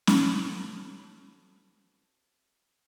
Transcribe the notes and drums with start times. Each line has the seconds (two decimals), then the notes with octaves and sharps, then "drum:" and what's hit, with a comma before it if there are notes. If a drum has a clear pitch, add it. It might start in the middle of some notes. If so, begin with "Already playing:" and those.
0.07 C4 F#4 A4 B4 C#5, drum: snare C#4